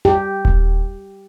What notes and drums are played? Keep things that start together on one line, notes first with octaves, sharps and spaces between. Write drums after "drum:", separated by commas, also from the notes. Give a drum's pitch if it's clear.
G4
drum: kick D#1